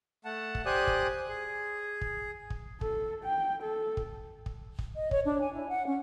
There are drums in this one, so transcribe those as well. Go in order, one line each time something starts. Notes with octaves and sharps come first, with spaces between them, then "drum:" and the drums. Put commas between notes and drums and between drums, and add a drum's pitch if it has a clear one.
A3 F#5 A5
drum: kick
G4 C5 D5 G#5 D#6 F#6
drum: kick
G#4
drum: kick
drum: kick
A4, drum: kick
G5
A4
drum: kick
drum: kick
drum: kick
D#5
C#5, drum: kick
D4
G#5
E4
F#5
C#4